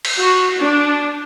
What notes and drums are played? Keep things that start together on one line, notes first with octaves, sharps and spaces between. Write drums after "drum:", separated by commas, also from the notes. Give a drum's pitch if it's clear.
drum: cymbal
F#4
D4